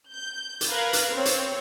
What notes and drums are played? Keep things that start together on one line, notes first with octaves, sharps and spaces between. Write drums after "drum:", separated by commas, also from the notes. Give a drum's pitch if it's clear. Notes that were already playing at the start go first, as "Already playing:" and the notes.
G6
drum: hi-hat
A#4 B4 F5 F#6 G#6 A#6
drum: hi-hat
C4 C#5
drum: hi-hat